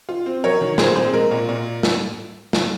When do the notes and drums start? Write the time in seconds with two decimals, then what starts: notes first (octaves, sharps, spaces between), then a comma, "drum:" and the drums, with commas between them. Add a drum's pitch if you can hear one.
0.09 F4
0.26 C4
0.44 F#3 A#4 C#5
0.61 D#3
0.78 A#2 G#4 C5, drum: snare
0.95 C4 G#4 C5
1.14 G#3 A#4
1.31 A#2
1.49 A#2
1.83 drum: snare
2.53 drum: snare